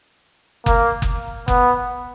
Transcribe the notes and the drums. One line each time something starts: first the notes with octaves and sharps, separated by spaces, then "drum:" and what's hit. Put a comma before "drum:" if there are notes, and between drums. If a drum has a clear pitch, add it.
A#3, drum: kick F#1
drum: kick F#1
B3, drum: kick F#1